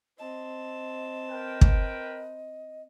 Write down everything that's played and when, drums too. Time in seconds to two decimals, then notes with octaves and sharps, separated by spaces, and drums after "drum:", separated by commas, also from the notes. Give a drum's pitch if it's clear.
0.19 C4 D#5 A5
1.29 A#4 B4 G5
1.61 drum: kick